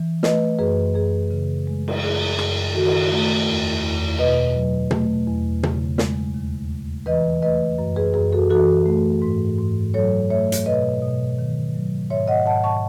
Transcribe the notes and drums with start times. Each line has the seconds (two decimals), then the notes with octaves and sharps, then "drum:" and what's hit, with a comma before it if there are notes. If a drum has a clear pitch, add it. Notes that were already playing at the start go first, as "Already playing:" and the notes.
Already playing: E3
0.23 A3 B4 D#5, drum: snare
0.59 F#2 G#4 B4
0.95 F#2 G#4
1.31 C#3
1.67 G#3
1.88 drum: cymbal
2.03 F#2 G#4
2.38 F#2 G#4, drum: rim click
2.74 D#3 F#4 A4
2.85 drum: cymbal
3.12 A3
3.47 E2
3.83 E2
4.19 B2 B4 D#5
4.55 F#3
4.91 A3, drum: tom
5.27 E2
5.63 C#3, drum: tom
5.98 G#3, drum: snare
6.34 D#2
6.70 D#2
7.06 E3 B4 D#5
7.42 A3 B4 D#5
7.78 F#2
7.96 G#4 B4
8.14 F#2 G#4
8.33 F#4 A4
8.50 E3 F#4 A4
8.86 A3
9.22 G#2
9.58 G#2
9.94 F#3 A4 C#5
10.30 A3 C#5 E5
10.52 drum: hi-hat
10.66 B2 B4 D#5
11.02 B2
11.39 D#3
11.75 F#3
12.10 G#2 C#5 E5
12.28 D#5 F#5
12.46 G#2 F#5 A5
12.64 A5 C#6